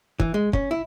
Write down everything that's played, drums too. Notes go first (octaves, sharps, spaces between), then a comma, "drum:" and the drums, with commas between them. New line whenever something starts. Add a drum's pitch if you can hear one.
E3, drum: kick
G#3
C#4, drum: kick
E4